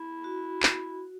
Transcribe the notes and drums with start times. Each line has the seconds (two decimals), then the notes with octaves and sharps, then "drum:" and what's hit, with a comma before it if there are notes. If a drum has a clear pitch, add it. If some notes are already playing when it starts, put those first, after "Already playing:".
Already playing: E4
0.24 F#4
0.63 drum: clap